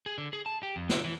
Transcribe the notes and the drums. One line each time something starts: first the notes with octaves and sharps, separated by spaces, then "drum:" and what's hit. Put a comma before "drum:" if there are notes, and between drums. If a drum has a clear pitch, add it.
G#4
D3
G#4
A5
G4
F2
D3, drum: snare
E3